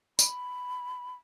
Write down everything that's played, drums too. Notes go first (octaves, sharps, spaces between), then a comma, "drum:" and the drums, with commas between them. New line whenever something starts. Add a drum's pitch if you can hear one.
B5, drum: tambourine